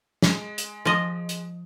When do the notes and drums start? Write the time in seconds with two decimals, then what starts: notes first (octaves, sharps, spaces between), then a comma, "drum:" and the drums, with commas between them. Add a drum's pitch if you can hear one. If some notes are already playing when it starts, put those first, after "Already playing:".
0.22 G#3, drum: snare
0.58 drum: hi-hat
0.85 F3 D#5
1.29 drum: hi-hat